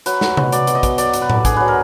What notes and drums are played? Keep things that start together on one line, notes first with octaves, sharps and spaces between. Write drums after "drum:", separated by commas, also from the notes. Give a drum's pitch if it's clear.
F#3 B4, drum: hi-hat
F#3, drum: snare
B2, drum: tom C3
B2 D5, drum: hi-hat
B2, drum: hi-hat
D#5
B2, drum: kick, hi-hat
F#3 D5, drum: hi-hat
F#3, drum: hi-hat
B4
F#3, drum: tom A2
D3 G#4, drum: kick, hi-hat
F#3 B4
A#4